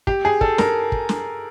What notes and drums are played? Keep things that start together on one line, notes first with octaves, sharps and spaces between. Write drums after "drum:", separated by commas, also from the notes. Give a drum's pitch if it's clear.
G4, drum: kick
G#4
A4, drum: kick
A#4, drum: snare
drum: kick
drum: snare